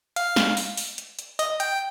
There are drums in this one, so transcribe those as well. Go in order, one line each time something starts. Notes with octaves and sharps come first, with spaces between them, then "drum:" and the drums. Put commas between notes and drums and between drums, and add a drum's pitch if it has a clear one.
F5, drum: hi-hat
drum: snare
drum: open hi-hat
drum: open hi-hat
drum: hi-hat
drum: hi-hat
D#5, drum: hi-hat
G5, drum: hi-hat